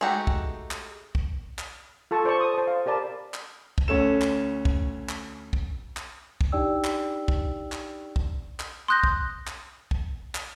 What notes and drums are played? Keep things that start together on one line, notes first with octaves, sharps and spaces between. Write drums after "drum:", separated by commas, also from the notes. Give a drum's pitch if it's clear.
G#3 A3 D#4 F#4 G4
drum: kick
drum: clap
drum: kick
drum: clap
F4 A4 A5 C#6
A4 C5 D5 A5 C#6
D#6
C5 A5
F5
G4 A#4 D5 A5 B5
drum: clap
drum: kick
D2 C#4 A4 E7
drum: clap
drum: kick
drum: clap
drum: kick
drum: clap
drum: kick
D4 D#4 G4 D5 G5 E6
drum: clap
drum: kick
drum: clap
drum: kick
drum: clap
C6 D#6 F#6 G6 A#6
drum: kick
drum: clap
drum: kick
drum: clap